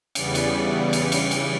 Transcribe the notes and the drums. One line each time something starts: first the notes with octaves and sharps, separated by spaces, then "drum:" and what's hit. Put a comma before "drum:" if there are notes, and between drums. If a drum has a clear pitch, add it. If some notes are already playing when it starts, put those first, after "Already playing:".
E2 C#3 E3 G3 B3 D5, drum: cymbal
drum: cymbal
C#3 E3 G3, drum: cymbal
drum: cymbal
drum: cymbal